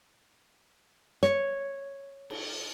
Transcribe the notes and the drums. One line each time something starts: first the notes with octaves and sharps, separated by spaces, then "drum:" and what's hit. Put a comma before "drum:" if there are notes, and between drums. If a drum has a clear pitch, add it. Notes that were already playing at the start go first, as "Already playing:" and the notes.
C#5, drum: snare
drum: cymbal